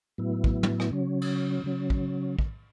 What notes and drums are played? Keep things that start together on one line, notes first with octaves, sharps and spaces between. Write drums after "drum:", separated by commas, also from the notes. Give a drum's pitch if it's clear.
A2 F#3 B3 E4
drum: kick
drum: tom
drum: rim click
C#3 F#3 C#4
drum: cymbal
C#3 F#3 C#4
drum: kick
drum: kick